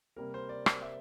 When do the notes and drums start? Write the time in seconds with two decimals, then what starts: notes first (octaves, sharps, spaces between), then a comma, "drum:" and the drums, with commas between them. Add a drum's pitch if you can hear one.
0.16 C3 G3 A#3 A#4
0.34 C5
0.49 D5
0.66 drum: rim click
0.82 E5